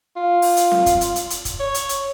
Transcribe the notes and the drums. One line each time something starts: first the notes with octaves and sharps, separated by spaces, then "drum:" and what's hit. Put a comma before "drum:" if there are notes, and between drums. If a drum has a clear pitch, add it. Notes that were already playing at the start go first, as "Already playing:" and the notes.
F4
drum: open hi-hat
drum: hi-hat
drum: snare C4
drum: kick, hi-hat
drum: hi-hat
drum: hi-hat
drum: hi-hat
drum: kick, hi-hat
C#5
drum: hi-hat
drum: hi-hat